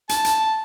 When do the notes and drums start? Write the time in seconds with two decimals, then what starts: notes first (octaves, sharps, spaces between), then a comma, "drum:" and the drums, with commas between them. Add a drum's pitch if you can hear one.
0.09 A5, drum: hi-hat
0.24 drum: hi-hat